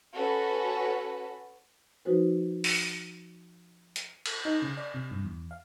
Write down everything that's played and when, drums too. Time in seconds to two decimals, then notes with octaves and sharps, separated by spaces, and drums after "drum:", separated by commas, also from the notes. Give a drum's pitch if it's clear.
0.14 C#4 F#4 A4 B4
2.05 F3 D#4 F#4 B4 C5
2.64 drum: open hi-hat
3.96 drum: hi-hat
4.26 drum: cymbal
4.45 D#4
4.62 C#3
4.77 D5
4.94 C3
5.11 G2
5.25 E2
5.51 F5